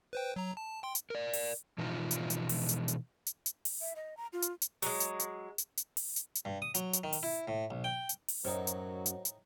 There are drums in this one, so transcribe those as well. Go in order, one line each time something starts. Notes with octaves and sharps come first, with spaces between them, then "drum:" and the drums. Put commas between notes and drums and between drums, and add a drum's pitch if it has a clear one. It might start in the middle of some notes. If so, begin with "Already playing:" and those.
B4 C5 G5
F#3 A#5
A5
G5 C6
drum: hi-hat
A#4 D5
drum: open hi-hat
B2 E3 F3 D#4 F4
drum: hi-hat
drum: hi-hat
drum: open hi-hat
drum: hi-hat
drum: hi-hat
drum: hi-hat
drum: hi-hat
drum: open hi-hat
E5
D#5
A#5
F4
drum: hi-hat
drum: hi-hat
F#3 G#3, drum: open hi-hat
drum: hi-hat
drum: hi-hat
drum: hi-hat
drum: hi-hat
drum: open hi-hat
drum: hi-hat
drum: hi-hat
G2
D#6
F#3, drum: hi-hat
drum: hi-hat
D#3
drum: open hi-hat
E4
A2
B1
G5
drum: hi-hat
drum: open hi-hat
F#2 A2 F#3 D#4 A#4 C5
drum: hi-hat
drum: hi-hat
drum: hi-hat